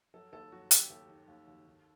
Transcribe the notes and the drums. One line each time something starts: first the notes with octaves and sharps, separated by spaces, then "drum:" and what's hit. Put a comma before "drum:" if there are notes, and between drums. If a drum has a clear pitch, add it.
F#3 A4
D#2 A4
F#3 F#4
D#2 G4, drum: hi-hat
D#2 A4
D#3
D#2
D#2
D#3